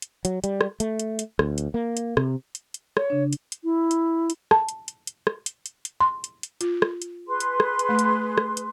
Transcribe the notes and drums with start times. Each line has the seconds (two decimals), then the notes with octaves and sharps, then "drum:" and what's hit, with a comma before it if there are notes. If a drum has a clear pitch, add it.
0.02 drum: hi-hat
0.25 F#3, drum: hi-hat
0.44 G3, drum: hi-hat
0.61 drum: rim click
0.80 A3, drum: hi-hat
0.99 drum: hi-hat
1.19 drum: hi-hat
1.39 D2, drum: rim click
1.58 drum: hi-hat
1.74 A#3
1.97 drum: hi-hat
2.17 C3, drum: rim click
2.55 drum: hi-hat
2.74 drum: hi-hat
2.97 C#5, drum: rim click
3.10 C#3 D4
3.33 drum: hi-hat
3.52 drum: hi-hat
3.64 E4
3.91 drum: hi-hat
4.30 drum: hi-hat
4.51 A5, drum: rim click
4.69 drum: hi-hat
4.88 drum: hi-hat
5.07 drum: hi-hat
5.27 drum: rim click
5.46 drum: hi-hat
5.66 drum: hi-hat
5.85 drum: hi-hat
6.01 C6
6.24 drum: hi-hat
6.43 drum: hi-hat
6.61 F4, drum: hi-hat
6.82 drum: rim click
7.02 drum: hi-hat
7.28 G#4 B4 C6
7.40 drum: hi-hat
7.60 drum: rim click
7.79 drum: hi-hat
7.89 A3
7.99 drum: hi-hat
8.38 drum: rim click
8.57 drum: hi-hat